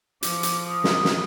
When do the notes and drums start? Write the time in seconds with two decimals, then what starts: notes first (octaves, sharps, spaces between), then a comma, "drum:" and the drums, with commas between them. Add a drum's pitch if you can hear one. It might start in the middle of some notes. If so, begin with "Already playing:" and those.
0.23 F3 D6, drum: hi-hat
0.43 drum: hi-hat
0.68 D#6
0.84 drum: snare
1.05 drum: snare